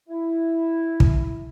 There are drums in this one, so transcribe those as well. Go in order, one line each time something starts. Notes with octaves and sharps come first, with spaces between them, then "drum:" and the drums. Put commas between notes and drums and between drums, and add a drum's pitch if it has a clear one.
E4
drum: kick